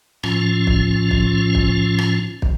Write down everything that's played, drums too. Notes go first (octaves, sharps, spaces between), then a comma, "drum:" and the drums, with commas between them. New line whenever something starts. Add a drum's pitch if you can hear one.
A2 F3 C#4 F4, drum: rim click
drum: kick
drum: kick
drum: kick
drum: rim click
drum: kick